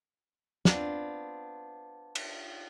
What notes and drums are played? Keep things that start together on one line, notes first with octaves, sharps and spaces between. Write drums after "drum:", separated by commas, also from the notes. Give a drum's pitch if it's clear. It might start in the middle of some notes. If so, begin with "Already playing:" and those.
B3 C4 D4 F4, drum: snare
drum: cymbal